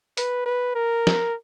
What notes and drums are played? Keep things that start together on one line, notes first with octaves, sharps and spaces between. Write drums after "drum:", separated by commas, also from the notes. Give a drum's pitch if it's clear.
B4, drum: hi-hat
B4
A#4
drum: snare